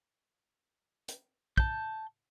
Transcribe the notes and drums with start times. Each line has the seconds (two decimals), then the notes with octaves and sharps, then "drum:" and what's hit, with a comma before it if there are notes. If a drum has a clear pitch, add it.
1.08 drum: hi-hat
1.58 A5 G6, drum: kick